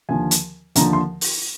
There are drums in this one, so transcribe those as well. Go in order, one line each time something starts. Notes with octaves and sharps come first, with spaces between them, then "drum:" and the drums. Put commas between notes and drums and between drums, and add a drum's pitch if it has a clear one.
D#2 D3 F3 G#5
drum: hi-hat
D#2 D3 F3 A#5, drum: hi-hat
C6
drum: open hi-hat